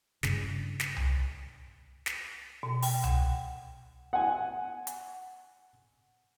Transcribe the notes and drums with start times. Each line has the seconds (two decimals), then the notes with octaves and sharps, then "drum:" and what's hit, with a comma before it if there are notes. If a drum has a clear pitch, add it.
0.23 G2 C#3, drum: snare
0.80 drum: snare
0.96 drum: tom C2
2.06 drum: snare
2.63 B2
2.82 G5, drum: open hi-hat
3.04 F#5, drum: tom C2
4.13 F#5 G#5
4.87 drum: hi-hat